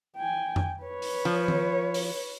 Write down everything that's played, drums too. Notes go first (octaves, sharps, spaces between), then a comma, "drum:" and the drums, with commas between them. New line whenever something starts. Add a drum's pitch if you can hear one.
G5 G#5
drum: tom F2
B4 C#5
drum: open hi-hat
F3
drum: tom D#3
drum: open hi-hat